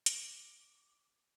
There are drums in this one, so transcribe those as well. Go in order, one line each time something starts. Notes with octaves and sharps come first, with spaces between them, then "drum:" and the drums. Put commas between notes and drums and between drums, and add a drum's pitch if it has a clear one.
D6 A#6 C7, drum: hi-hat